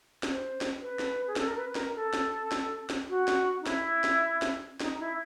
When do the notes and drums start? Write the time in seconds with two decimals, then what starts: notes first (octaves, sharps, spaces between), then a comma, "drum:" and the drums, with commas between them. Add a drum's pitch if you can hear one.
0.23 C5, drum: snare
0.61 drum: snare
0.81 B4
0.99 drum: snare
1.27 G#4
1.36 A4, drum: snare
1.47 A#4
1.57 B4
1.69 B4
1.75 A#4, drum: snare
1.95 A4
2.14 drum: snare
2.52 drum: snare
2.90 drum: snare
3.08 F#4
3.28 drum: snare
3.61 D#4
3.66 E4, drum: snare
4.04 drum: snare
4.42 drum: snare
4.80 D#4, drum: snare
4.99 E4